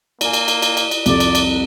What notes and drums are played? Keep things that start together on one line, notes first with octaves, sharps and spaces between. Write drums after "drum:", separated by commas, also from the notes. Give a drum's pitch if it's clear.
A#3 D5 G#5, drum: cymbal
drum: cymbal
drum: cymbal
drum: cymbal
drum: cymbal
drum: cymbal
C2 F2 D5, drum: cymbal
drum: cymbal
drum: cymbal